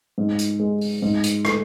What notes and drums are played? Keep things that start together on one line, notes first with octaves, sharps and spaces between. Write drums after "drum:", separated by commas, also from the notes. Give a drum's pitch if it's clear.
G#2
drum: hi-hat
G#3
drum: open hi-hat
G#2
drum: hi-hat
A3, drum: rim click